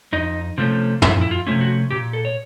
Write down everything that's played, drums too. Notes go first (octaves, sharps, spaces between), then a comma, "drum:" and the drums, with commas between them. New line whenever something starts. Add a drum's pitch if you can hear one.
F2 D#4
C3 F3 A3 C#4
F2 E4, drum: tom
E4
F4
C3 F3 A3 C#4
F#4
A#2 G4
A4
C#5